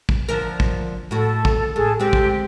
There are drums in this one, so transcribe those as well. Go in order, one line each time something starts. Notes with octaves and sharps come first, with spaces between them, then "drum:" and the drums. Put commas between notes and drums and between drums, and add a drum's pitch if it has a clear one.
drum: kick
D3 F3 A#4
drum: kick
A2 F#4 A4
drum: kick
A2 G#4 A4
G#3 C4 G4
drum: kick